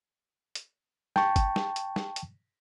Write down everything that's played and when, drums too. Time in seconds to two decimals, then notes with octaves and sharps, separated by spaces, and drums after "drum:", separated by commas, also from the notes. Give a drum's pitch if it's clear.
0.55 drum: hi-hat
1.16 G5 A5 C#6, drum: snare
1.36 drum: kick, hi-hat
1.56 drum: snare
1.76 drum: hi-hat
1.96 drum: snare
2.16 drum: hi-hat